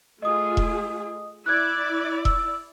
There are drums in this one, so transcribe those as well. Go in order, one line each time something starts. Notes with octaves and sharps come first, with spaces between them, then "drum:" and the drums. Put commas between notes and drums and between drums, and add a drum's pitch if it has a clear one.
A3 F4 G#4 D#5 D#6
drum: kick E1
E4 D5 F#6 G#6
E6, drum: kick E1